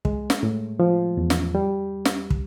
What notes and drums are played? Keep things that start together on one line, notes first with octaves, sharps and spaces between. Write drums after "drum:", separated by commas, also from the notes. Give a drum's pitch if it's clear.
G#3, drum: kick
drum: snare
A2
F3
E2
drum: snare
G3
drum: snare
drum: kick